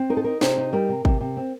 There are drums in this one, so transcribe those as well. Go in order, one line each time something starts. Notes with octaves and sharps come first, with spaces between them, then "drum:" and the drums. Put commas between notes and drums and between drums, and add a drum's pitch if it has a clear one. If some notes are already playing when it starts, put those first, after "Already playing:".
Already playing: C4
D#4 A#4
A4
D#4 A#4
C3 C5, drum: snare
D#4
G3 A#4
C3
C3, drum: kick G#1
C3
C4